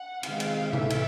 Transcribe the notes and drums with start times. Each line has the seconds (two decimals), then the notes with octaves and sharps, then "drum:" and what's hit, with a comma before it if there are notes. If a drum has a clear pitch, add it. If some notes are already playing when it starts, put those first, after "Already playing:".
Already playing: F#5
0.23 C3 D#3 G#3 F5, drum: cymbal
0.40 drum: cymbal
0.73 A2 E3 A3 E5, drum: tom C3
0.90 drum: cymbal